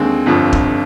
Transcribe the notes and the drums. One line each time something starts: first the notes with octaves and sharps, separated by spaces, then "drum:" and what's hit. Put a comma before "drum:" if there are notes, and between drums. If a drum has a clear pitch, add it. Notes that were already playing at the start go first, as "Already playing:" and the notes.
Already playing: D#2 D3 G#3 C4
G1 F2 D3 F3
drum: kick